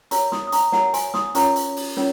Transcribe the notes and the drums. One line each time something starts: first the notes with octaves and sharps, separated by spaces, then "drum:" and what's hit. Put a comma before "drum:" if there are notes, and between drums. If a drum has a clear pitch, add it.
F#4 A#4 C#5 A#5 C#6, drum: hi-hat
C6 D#6, drum: snare
D#6
A#5 C#6, drum: hi-hat
F#4 A#4 C#5 F#5 A#5, drum: snare
G#5 C6, drum: hi-hat
C6 D#6, drum: snare
C#4 F4 A#4 C#5 A#5 C#6, drum: hi-hat
drum: hi-hat
drum: open hi-hat
C#4 F4 A#4 C#5, drum: snare